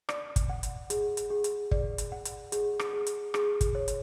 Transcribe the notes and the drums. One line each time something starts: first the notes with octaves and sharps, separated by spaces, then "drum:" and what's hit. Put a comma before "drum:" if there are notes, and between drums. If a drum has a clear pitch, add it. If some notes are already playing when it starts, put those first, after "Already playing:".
D5, drum: rim click
drum: kick, hi-hat
F#5
drum: hi-hat
G#4, drum: hi-hat
drum: hi-hat
G#4
drum: hi-hat
D5, drum: kick
drum: hi-hat
F#5
drum: hi-hat
G#4, drum: hi-hat
drum: rim click
G#4
drum: hi-hat
G#4, drum: rim click
drum: kick, hi-hat
C#5
drum: hi-hat